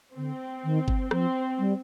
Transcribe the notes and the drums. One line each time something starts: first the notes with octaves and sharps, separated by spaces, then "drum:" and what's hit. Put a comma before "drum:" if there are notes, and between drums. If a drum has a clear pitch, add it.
D3 C4
D#3
drum: kick G1
F3 C4, drum: rim click
G3